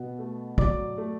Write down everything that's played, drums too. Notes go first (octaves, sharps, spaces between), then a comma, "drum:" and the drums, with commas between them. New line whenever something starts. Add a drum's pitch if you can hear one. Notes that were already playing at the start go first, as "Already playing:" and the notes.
Already playing: B2 B3
A3
F#3 D5 D6, drum: kick
A3